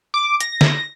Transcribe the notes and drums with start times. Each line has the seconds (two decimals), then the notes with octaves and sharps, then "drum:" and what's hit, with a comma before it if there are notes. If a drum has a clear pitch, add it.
0.14 D6
0.40 A#6, drum: hi-hat
0.61 drum: snare